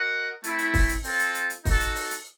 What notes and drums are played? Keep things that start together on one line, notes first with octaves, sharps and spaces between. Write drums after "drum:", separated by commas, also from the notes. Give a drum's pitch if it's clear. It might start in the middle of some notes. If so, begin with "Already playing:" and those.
Already playing: F#4 A#4 D#5 F#5
A3 C4 E4, drum: hi-hat
drum: hi-hat
drum: kick, open hi-hat
drum: hi-hat
C4 F4 A4, drum: open hi-hat
drum: hi-hat
drum: hi-hat
drum: hi-hat
D#4 F#4 A4, drum: kick, open hi-hat
drum: hi-hat
drum: open hi-hat
drum: hi-hat